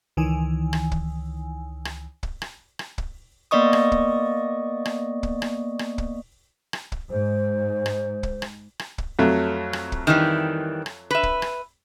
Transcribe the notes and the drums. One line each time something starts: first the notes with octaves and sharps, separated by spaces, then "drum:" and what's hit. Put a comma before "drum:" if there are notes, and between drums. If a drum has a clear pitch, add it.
C#2 D#3 E3 G#5
drum: rim click
drum: kick
drum: rim click
drum: kick
drum: rim click
drum: rim click
drum: kick
A#3 B3 D5 D#5 C#6 D#6
drum: rim click
drum: kick
drum: rim click
drum: kick
drum: rim click
drum: rim click
drum: kick
drum: rim click
drum: kick
G#2 C5
drum: rim click
drum: kick
drum: rim click
drum: rim click
drum: kick
F2 F#3 A3
drum: rim click
drum: kick
D#3 E3 G3
drum: rim click
B4 E5
drum: kick
drum: rim click